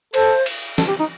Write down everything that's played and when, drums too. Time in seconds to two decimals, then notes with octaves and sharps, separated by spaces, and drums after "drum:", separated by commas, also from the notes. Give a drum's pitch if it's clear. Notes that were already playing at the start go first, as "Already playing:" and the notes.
0.14 A4 C5, drum: cymbal
0.46 drum: cymbal
0.78 A4, drum: snare
0.88 G4
0.99 D#4